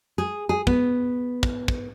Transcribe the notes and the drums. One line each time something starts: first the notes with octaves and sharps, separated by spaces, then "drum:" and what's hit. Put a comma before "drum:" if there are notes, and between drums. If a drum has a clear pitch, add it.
G#4
G#4
B3, drum: kick
drum: kick
drum: kick